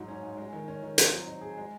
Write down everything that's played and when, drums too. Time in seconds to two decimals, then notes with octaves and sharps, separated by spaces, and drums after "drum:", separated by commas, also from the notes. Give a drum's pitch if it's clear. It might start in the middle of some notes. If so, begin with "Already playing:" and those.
Already playing: G#2 F#3
0.08 C#4
0.23 G#2
0.37 G#3
0.53 D#3
0.68 C#4
0.83 D#3
0.98 C4, drum: hi-hat
1.12 F#3
1.27 D#4
1.41 G#4
1.57 G#3